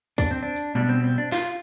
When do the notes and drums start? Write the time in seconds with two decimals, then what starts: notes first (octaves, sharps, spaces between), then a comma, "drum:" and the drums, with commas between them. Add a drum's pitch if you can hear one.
0.18 D4, drum: kick, open hi-hat
0.31 C4
0.43 D4
0.56 drum: hi-hat
0.75 B2 G3 D4, drum: tom G3
0.89 C4
1.04 C4
1.18 D4
1.32 F4, drum: snare